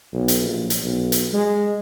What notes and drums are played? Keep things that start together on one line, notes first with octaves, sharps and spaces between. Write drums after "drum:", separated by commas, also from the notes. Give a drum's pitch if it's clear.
B1
drum: hi-hat
A#1
drum: hi-hat
B1
drum: hi-hat
G#3